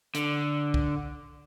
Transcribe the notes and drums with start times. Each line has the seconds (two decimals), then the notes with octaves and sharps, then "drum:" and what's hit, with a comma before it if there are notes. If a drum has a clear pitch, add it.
0.15 D3, drum: hi-hat
0.74 drum: kick C2